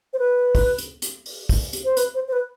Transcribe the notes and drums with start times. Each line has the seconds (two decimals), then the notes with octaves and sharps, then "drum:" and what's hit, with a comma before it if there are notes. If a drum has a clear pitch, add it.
0.13 C5
0.19 B4
0.55 drum: kick, open hi-hat
0.78 drum: hi-hat
1.02 drum: hi-hat
1.26 drum: open hi-hat
1.49 drum: kick, open hi-hat
1.73 drum: hi-hat
1.85 C5
1.97 B4, drum: hi-hat
2.15 C5
2.28 C5
2.32 B4